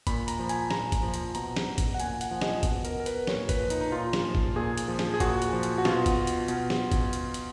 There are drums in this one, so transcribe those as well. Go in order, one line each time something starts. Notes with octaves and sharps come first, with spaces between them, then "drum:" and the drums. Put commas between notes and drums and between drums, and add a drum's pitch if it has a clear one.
A#2 B5, drum: kick, hi-hat
A#5, drum: hi-hat
F3
G#5, drum: hi-hat
A#2 A#5, drum: snare
drum: kick, hi-hat
F3
drum: hi-hat
B2 A#5, drum: hi-hat
drum: snare
drum: kick, hi-hat
F#5
A#2 G#5, drum: hi-hat
F#5, drum: hi-hat
F3
D#5, drum: snare
B2, drum: kick, hi-hat
A#4, drum: hi-hat
A#4
B4, drum: hi-hat
A#2 C#5, drum: snare
B4, drum: kick, hi-hat
F3
D#4, drum: hi-hat
D#4
A#2 F4
drum: snare
F3
drum: kick
A#2 G#4
drum: hi-hat
F3
drum: snare
G#4
A#2 F#4, drum: kick, hi-hat
drum: hi-hat
F3
drum: hi-hat
F#4
B2 F4, drum: snare
drum: kick, hi-hat
drum: hi-hat
B2, drum: hi-hat
drum: snare
drum: kick, hi-hat
drum: hi-hat
drum: hi-hat